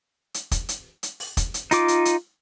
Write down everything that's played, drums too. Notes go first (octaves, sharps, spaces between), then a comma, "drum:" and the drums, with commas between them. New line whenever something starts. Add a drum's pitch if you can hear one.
drum: hi-hat
drum: kick, hi-hat
drum: hi-hat
drum: hi-hat
drum: open hi-hat
drum: kick, hi-hat
drum: hi-hat
D#4 F4 D6, drum: hi-hat
drum: hi-hat
drum: hi-hat